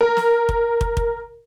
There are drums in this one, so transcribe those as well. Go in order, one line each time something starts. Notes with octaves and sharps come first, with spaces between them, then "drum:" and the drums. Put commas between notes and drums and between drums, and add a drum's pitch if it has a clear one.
A#4
drum: snare
drum: kick
drum: kick
drum: kick